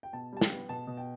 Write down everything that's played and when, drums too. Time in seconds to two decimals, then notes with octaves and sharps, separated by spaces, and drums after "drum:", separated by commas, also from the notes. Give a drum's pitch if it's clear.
0.03 G5
0.13 B2 A5
0.33 G3 A5
0.41 G5, drum: snare
0.51 B3
0.69 B2 A5
0.87 B2
0.97 G5